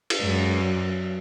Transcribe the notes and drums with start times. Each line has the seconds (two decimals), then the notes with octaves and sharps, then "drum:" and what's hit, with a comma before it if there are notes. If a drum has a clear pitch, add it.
0.10 drum: cymbal
0.21 F#2 G#3
0.62 F#3